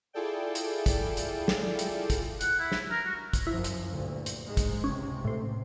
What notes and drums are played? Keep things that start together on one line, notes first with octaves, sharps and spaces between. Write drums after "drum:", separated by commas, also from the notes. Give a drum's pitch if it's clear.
E4 F4 G#4 A4 D5 G5
drum: hi-hat
drum: kick, hi-hat
drum: hi-hat
drum: snare
drum: hi-hat
drum: kick, hi-hat
F#5, drum: hi-hat
E4
drum: snare
A#4
F#4
drum: kick, hi-hat
F#2 F3 E4
drum: hi-hat
D2 G2 A#2
drum: hi-hat
G#2 G#3
drum: kick, hi-hat
C#2 C3 C#4
A2 C5